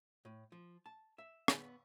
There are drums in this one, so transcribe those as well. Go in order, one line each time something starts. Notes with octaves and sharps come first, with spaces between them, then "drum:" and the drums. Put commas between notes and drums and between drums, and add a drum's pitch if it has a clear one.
A2
F3
A5
E5
B3, drum: rim click